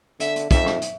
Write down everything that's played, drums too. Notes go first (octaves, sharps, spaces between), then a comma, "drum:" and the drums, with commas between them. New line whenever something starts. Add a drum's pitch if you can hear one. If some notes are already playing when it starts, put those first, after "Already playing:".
D3 E5, drum: hi-hat
drum: hi-hat
F2 E5, drum: kick, hi-hat
drum: rim click
drum: hi-hat